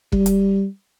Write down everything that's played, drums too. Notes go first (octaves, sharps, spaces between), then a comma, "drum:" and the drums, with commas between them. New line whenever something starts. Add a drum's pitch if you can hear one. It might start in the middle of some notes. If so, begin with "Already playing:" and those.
G3, drum: kick F1
drum: hi-hat